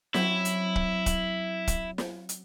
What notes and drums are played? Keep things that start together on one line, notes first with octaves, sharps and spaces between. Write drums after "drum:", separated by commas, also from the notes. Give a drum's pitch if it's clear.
F#3 C4 C#4 E4, drum: snare
drum: hi-hat
drum: kick
drum: kick, hi-hat
drum: kick, hi-hat
drum: snare
drum: hi-hat